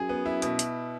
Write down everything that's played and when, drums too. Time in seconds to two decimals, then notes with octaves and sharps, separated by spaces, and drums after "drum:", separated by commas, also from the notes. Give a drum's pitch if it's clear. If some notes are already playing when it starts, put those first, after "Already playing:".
Already playing: F#2 G#4
0.09 B3
0.26 E4
0.42 B2, drum: hi-hat
0.59 drum: hi-hat